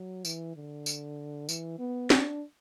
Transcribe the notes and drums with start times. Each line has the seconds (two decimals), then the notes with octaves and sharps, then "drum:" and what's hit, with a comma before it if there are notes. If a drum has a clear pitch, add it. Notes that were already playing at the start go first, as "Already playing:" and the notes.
Already playing: F#3
0.25 E3, drum: tambourine
0.56 D3
0.86 drum: tambourine
1.49 E3, drum: tambourine
1.79 B3
2.10 D4, drum: snare